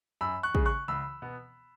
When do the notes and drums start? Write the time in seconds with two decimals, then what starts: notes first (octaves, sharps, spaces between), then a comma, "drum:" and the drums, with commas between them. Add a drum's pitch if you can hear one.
0.21 F#2 B5 E6
0.43 C#6 F#6
0.55 C#3 G#3, drum: kick
0.66 C#6 F#6
0.88 C#2 B5 E6
1.22 B2 B3